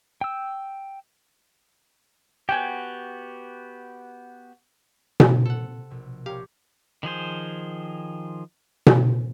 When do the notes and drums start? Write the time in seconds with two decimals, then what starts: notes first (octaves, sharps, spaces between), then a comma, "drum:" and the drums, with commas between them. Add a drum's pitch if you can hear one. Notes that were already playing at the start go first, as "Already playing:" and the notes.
0.21 G5 E6
2.49 B3 F#4 G4 G5 G#5
5.20 drum: tom B2
5.46 C3 A4 F#5
5.90 A#1 B2 E6
6.26 F4 G4 A#4 C#5 F5
7.03 D#3 F3 G#4 C5
8.86 drum: tom B2